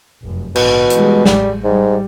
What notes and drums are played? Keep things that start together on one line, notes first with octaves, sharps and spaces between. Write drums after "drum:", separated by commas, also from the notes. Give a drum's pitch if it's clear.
F1 F#2
A#1 G#2 B2 D3, drum: cymbal
E3 G3 G#3, drum: hi-hat
A1 G3, drum: snare
G#2 G3